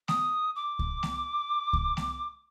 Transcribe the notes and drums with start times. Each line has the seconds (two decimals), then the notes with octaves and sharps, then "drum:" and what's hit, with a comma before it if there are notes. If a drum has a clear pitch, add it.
0.08 D#6, drum: snare A3
0.56 D6
0.79 drum: kick C#2
1.03 drum: snare A3
1.73 drum: kick C#2
1.97 drum: snare A3